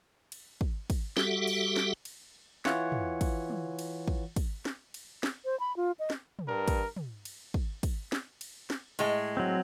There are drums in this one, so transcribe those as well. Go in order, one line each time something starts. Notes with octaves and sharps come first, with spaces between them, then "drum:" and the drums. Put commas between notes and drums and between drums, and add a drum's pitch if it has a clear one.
drum: cymbal
drum: kick
drum: kick, cymbal
G3 F#4 G4 A4 E5 F#5, drum: snare
drum: cymbal
drum: snare
drum: cymbal
E3 F4 C#5 F#5 C#7, drum: snare
drum: tom
drum: kick, cymbal
drum: tom
drum: cymbal
drum: kick
drum: kick, cymbal
drum: snare
drum: cymbal
drum: snare
C5
B5
F4
D#5
drum: snare
drum: tom
G2 A#4
drum: kick, cymbal
drum: tom
drum: cymbal
drum: kick
drum: kick, cymbal
drum: snare
drum: cymbal
drum: snare
A2 G#3, drum: cymbal
F#3 C4